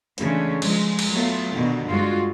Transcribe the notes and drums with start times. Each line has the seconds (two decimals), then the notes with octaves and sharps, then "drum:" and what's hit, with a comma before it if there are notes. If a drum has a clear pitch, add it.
0.18 C#3 E3 G#3 A3 C#4 D4, drum: hi-hat
0.62 F3 G#3, drum: cymbal
0.99 drum: cymbal
1.11 F#3 A3 B3 F4
1.52 B2 D3 D#3
1.88 G2 G#3 F4 F#4